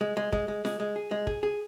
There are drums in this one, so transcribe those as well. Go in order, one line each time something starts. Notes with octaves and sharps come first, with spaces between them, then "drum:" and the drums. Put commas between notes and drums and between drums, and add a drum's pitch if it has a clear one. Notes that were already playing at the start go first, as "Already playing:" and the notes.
G#3
G#3
G#3, drum: kick
G#3
G#3, drum: snare F4
G#3
G#4
G#3
G#4, drum: kick
G#4